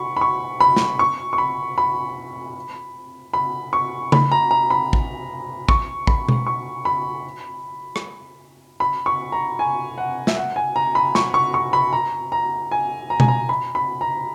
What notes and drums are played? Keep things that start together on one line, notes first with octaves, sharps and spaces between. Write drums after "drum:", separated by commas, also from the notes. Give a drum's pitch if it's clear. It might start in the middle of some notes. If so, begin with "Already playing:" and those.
Already playing: B5 C#6
B5
C#6
B5
drum: snare
C#6
C#6
B5
B5
B5
C#6
B5, drum: tom C#3
A#5
A#5
B5
drum: kick
C#6, drum: kick
B5, drum: kick
drum: tom B2
C#6
B5
drum: rim click
B5
C#6
A#5
G#5
F#5
E5, drum: snare
F#5
G#5
A#5
B5
C#6, drum: snare
C#6
C#6
B5
A#5
A#5
G#5
A#5
G#5, drum: tom B2
A#5
B5
B5
A#5